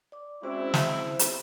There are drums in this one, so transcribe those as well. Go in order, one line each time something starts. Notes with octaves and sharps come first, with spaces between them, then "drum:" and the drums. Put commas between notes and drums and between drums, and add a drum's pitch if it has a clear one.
D5 D6
G#3 C4 C#4 E4 F#4 C5
C5, drum: snare
drum: hi-hat